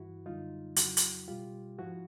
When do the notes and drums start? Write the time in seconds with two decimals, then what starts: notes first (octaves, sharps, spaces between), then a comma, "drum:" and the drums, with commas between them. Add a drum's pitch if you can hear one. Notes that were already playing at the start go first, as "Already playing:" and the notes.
Already playing: G2 E3 E4 F#4
0.26 F#2 D3 G3 D#4 F4
0.76 F2 C#3 F#3 E4 F#4, drum: hi-hat
0.97 drum: hi-hat
1.28 B2 G3 F4 G4
1.79 G#2 F3 E4 F#4